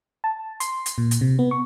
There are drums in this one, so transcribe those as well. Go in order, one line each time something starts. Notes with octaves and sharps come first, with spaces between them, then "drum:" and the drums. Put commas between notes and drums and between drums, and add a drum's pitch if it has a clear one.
A5
C6, drum: hi-hat
drum: hi-hat
A#2
drum: hi-hat
C3
B3
C#6